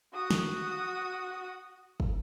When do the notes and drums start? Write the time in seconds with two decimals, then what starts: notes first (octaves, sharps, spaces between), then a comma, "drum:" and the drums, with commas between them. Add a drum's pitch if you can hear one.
0.14 F#4 D#6
0.31 drum: snare
2.00 drum: kick